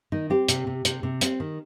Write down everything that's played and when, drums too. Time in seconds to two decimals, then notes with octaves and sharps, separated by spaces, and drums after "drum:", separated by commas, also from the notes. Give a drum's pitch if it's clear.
0.12 D#3 D#4
0.30 C4 G4
0.48 C3, drum: hi-hat
0.67 C3
0.85 C3, drum: hi-hat
1.03 C3
1.21 C4, drum: hi-hat
1.40 D#3